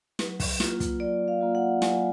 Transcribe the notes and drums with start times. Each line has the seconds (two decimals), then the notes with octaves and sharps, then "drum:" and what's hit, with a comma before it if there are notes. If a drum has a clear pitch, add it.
0.19 F#3 B4, drum: snare
0.40 drum: kick, open hi-hat
0.60 A#3 F4, drum: snare
0.80 drum: kick, hi-hat
1.00 F#3 D5
1.28 F5
1.41 A#3 F4
1.55 F#5
1.82 F#3 G#5, drum: snare